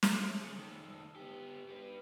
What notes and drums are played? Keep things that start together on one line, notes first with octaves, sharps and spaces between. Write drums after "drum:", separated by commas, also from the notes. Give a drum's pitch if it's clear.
drum: snare
A3
G#4 C#5
D#3 A3
B3 G4
G4 B4